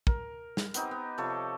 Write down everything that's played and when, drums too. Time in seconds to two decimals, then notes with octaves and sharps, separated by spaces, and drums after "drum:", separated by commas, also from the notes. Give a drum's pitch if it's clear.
0.07 A#4, drum: kick
0.57 drum: snare
0.74 B3 C4 D#4 G4, drum: hi-hat
0.91 B3
1.18 C3 F3 A4 C#5